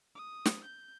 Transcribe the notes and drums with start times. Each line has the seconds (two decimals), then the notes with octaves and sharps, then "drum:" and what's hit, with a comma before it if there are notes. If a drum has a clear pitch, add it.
0.16 D#6
0.46 drum: snare
0.65 G6